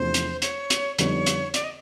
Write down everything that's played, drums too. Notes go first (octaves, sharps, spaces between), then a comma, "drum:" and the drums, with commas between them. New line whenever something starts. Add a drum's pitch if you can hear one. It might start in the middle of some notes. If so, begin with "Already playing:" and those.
Already playing: E2 C3 F3 A3 D4 C5
drum: hi-hat
C#5, drum: hi-hat
drum: hi-hat
F2 D3 G3 B3 D#4 C#5, drum: hi-hat
drum: hi-hat
D5, drum: hi-hat
D#5